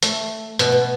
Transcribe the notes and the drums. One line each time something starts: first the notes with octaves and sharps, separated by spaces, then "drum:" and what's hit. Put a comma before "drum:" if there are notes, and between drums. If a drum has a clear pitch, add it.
A3, drum: hi-hat
B2, drum: hi-hat
B2